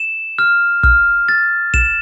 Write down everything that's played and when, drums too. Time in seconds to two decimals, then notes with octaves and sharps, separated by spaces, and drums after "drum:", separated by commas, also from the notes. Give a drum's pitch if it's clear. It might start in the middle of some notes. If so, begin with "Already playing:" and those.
Already playing: E7
0.39 F6
0.83 F6, drum: kick
1.29 A6
1.74 E7, drum: kick